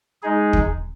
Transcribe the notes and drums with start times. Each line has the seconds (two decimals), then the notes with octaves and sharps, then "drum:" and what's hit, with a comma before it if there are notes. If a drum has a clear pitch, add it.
0.22 G#3 D#4 G#4
0.53 drum: kick